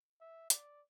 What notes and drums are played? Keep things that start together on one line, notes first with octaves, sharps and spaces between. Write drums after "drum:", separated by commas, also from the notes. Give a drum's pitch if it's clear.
E5
D5, drum: hi-hat